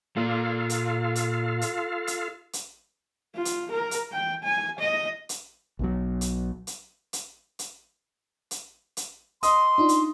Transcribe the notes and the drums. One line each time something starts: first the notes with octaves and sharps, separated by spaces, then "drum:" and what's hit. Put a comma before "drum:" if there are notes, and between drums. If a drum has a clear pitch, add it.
A#2 F4 A4 F5
drum: hi-hat
drum: hi-hat
drum: hi-hat
drum: hi-hat
drum: hi-hat
F4
drum: hi-hat
A#4
drum: hi-hat
G5
G#5
D#5
drum: hi-hat
B1 B2 F#3
drum: hi-hat
drum: hi-hat
drum: hi-hat
drum: hi-hat
drum: hi-hat
drum: hi-hat
D#5 C6 D#6, drum: hi-hat
D4 D#4 F4
drum: hi-hat